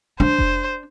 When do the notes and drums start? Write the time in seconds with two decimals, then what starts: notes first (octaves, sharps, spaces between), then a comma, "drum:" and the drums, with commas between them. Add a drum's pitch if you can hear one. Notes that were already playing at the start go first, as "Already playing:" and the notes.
0.20 D4 C5
0.39 drum: kick F1